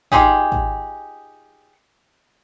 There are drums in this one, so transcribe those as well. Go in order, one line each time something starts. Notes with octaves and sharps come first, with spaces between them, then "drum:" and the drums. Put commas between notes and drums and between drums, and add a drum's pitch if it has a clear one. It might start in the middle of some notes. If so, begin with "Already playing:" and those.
D#4 F4 G4 G#4, drum: kick
drum: kick